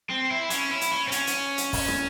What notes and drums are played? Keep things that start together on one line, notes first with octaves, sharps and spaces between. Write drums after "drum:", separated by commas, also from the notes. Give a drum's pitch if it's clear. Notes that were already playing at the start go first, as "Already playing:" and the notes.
C4
E4
C#4, drum: hi-hat
E4
drum: hi-hat
C#4
C4
C#4, drum: hi-hat
drum: hi-hat
drum: hi-hat
drum: kick, open hi-hat
drum: rim click